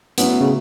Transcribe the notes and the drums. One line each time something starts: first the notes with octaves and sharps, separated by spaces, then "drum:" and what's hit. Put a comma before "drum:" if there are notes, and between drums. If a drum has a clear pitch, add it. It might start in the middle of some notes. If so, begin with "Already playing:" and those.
A2 F#3 B3 C#4 E4, drum: hi-hat
C#3